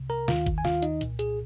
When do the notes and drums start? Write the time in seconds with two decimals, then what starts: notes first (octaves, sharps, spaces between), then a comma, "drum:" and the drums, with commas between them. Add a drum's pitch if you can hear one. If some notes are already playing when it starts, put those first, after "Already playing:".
Already playing: C2 C3
0.10 A#4 A#5
0.28 D#2 D#3 F4 F5, drum: snare
0.46 drum: kick, hi-hat
0.58 G#5
0.65 F4 F5, drum: snare
0.82 D#4 D#5, drum: hi-hat
1.01 C2 A#2, drum: hi-hat
1.19 G#4, drum: hi-hat